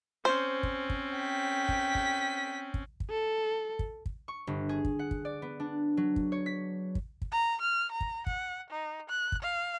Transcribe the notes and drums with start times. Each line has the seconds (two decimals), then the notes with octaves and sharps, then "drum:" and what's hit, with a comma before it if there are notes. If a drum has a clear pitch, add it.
0.25 C4 C#4 C5
0.63 drum: kick
0.90 drum: kick
1.16 G5 B6
1.69 drum: kick
1.95 drum: kick
2.74 drum: kick
3.00 drum: kick
3.10 A4
3.79 drum: kick
4.06 drum: kick
4.28 C#6
4.47 G1
4.69 G#4
4.85 drum: kick
4.99 F#5
5.11 drum: kick
5.25 D5
5.42 B3
5.60 D4
5.97 F#3
6.16 drum: kick
6.32 C#5
6.46 B6
6.95 drum: kick
7.22 drum: kick
7.32 A#5
7.61 F6
7.91 A#5
8.01 drum: kick
8.27 F#5, drum: kick
8.70 D#4
9.09 F#6
9.32 drum: kick
9.42 F5